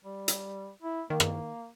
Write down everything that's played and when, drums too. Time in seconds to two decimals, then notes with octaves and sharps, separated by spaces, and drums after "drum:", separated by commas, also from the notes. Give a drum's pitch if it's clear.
0.05 G3
0.28 drum: hi-hat
0.83 E4
1.10 D#3 A#3
1.20 drum: rim click